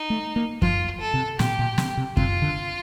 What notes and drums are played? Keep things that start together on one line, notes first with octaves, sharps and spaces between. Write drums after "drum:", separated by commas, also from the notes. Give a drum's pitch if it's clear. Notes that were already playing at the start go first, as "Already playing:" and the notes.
Already playing: D#4
A3
A#3
F3 F4, drum: kick F#2
A4
C3
A#2 G4, drum: snare
A#2
C3, drum: snare
C3
C3 F4, drum: kick F#2
D3